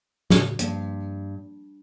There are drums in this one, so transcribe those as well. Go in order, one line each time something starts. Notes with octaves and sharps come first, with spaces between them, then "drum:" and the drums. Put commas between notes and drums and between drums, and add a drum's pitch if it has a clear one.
A2 C#3, drum: snare
G2 F3 A#3, drum: hi-hat